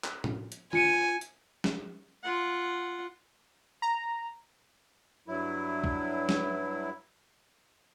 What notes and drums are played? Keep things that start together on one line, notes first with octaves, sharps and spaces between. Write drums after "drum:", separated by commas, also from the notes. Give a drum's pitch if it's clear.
drum: clap
drum: tom A2
drum: hi-hat
F4 G#5 C#7 D#7, drum: tom D3
drum: hi-hat
drum: snare
F4 F#5
A#5
G2 F#3 E4
drum: kick
drum: snare